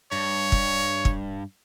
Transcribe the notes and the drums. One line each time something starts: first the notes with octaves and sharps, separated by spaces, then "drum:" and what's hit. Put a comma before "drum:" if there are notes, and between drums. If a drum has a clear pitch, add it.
G2 C#5
drum: kick
drum: kick